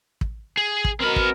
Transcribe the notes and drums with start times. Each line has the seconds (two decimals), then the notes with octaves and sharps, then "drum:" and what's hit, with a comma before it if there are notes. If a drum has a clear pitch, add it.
0.21 drum: kick
0.57 G#4
0.85 drum: kick
1.00 B2 C4 A#4 B5
1.16 drum: kick